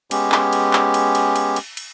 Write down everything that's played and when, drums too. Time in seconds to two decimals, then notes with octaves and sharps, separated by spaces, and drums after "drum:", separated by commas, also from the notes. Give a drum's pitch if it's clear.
0.11 G#3 B3 C#4 G4, drum: cymbal
0.32 drum: clap
0.53 drum: cymbal
0.73 drum: clap
0.94 drum: cymbal
1.15 drum: cymbal
1.36 drum: cymbal
1.56 drum: cymbal
1.77 drum: cymbal